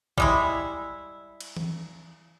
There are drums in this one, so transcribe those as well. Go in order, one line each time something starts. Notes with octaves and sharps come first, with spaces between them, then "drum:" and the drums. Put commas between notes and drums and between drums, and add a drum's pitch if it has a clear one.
G3 G#3 E4, drum: kick A#1
drum: cymbal
drum: tom E3